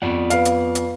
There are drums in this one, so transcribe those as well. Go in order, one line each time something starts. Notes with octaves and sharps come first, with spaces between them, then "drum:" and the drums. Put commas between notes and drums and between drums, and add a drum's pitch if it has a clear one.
F2 B3 D5 F#5
B4 F5, drum: hi-hat
drum: hi-hat
drum: hi-hat